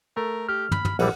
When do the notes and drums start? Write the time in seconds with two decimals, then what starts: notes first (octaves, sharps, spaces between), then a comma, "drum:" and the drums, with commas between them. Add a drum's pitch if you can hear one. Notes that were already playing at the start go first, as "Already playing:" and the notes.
0.17 A3 A#4
0.49 G4 F6
0.72 B5, drum: tom
0.85 drum: tom
0.99 A#1 E3 G3 F#5, drum: cymbal